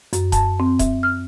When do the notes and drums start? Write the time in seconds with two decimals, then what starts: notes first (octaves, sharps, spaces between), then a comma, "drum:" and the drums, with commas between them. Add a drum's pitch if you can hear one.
0.13 F#2, drum: hi-hat
0.32 A5, drum: kick D#1, hi-hat
0.60 C4
0.79 E5, drum: kick D#1, hi-hat
1.03 F6